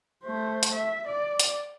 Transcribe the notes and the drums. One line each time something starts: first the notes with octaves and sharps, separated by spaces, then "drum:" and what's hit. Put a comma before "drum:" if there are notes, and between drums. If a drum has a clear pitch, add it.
A3 C5
drum: hi-hat
E5
D5
drum: hi-hat